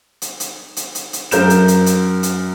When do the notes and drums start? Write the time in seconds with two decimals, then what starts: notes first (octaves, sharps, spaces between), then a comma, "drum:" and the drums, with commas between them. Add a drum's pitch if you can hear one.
0.22 drum: hi-hat
0.40 drum: hi-hat
0.76 drum: hi-hat
0.95 drum: hi-hat
1.13 drum: hi-hat
1.31 F#2 A#4 G6 E7, drum: hi-hat
1.50 drum: hi-hat
1.68 drum: hi-hat
1.86 drum: hi-hat
2.23 drum: hi-hat